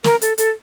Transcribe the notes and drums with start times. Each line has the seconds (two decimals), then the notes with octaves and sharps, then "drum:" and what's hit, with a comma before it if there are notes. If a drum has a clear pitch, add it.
0.04 A#4, drum: snare
0.22 A4, drum: hi-hat
0.38 A4, drum: hi-hat